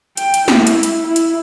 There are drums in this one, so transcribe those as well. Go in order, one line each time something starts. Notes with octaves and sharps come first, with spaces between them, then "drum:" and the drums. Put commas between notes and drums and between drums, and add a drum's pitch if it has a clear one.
G5, drum: hi-hat
drum: hi-hat
E4, drum: snare
drum: hi-hat
drum: hi-hat
E4
drum: hi-hat